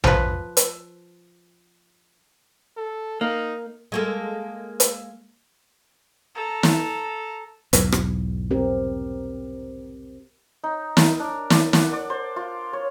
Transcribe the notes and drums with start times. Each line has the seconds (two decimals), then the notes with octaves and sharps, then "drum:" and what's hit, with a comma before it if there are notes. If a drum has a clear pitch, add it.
0.04 F3 B4, drum: tom A#1
0.57 drum: hi-hat
2.77 A4
3.21 A#3 D#4
3.92 G#3 A#3 A4
4.80 drum: hi-hat
6.35 A4 A#5
6.63 drum: snare
7.73 B1 E2 G#2, drum: hi-hat
7.92 drum: rim click
8.51 C4 G4 A#4
10.64 D#4
10.97 A#4, drum: snare
11.20 D4
11.50 D5, drum: snare
11.73 F#5, drum: snare
11.93 D5
12.10 C5
12.36 F4
12.73 C#5